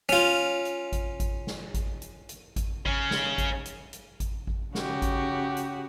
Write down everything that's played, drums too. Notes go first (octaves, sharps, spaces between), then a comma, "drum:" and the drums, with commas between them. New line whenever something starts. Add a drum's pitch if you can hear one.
C#4 F4
drum: hi-hat
drum: kick G#1, hi-hat
drum: kick G#1, hi-hat
drum: snare
drum: kick G#1, hi-hat
drum: hi-hat
drum: hi-hat
drum: kick G#1, hi-hat
C#3 C#4, drum: kick G#1
drum: snare
drum: kick G#1, hi-hat
drum: hi-hat
drum: hi-hat
drum: kick G#1, hi-hat
drum: kick G#1
C#3 F#4 G4, drum: snare
drum: kick G#1, hi-hat
drum: hi-hat